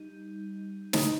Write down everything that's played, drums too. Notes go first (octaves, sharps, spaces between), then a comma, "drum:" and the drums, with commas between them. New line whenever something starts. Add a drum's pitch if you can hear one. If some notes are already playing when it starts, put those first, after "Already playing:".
Already playing: G3 D#4
D#4, drum: snare